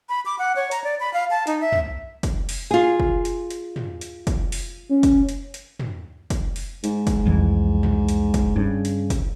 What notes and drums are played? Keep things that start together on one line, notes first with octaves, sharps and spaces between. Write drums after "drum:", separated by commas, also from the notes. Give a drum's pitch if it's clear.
B5
D6
F#5
C#5
A#5, drum: hi-hat
D5
B5
F5
A5
D#4, drum: hi-hat
E5
drum: tom
drum: kick, hi-hat
drum: open hi-hat
F4 G#4
drum: kick
drum: hi-hat
drum: hi-hat
drum: tom
drum: hi-hat
drum: kick, hi-hat
drum: open hi-hat
C#4
drum: kick, hi-hat
drum: hi-hat
drum: hi-hat
drum: tom
drum: kick, hi-hat
drum: open hi-hat
G#2, drum: hi-hat
drum: kick, hi-hat
C2 F2 E3
drum: tom
drum: hi-hat
drum: kick, hi-hat
G2 C#3
drum: hi-hat
drum: kick, hi-hat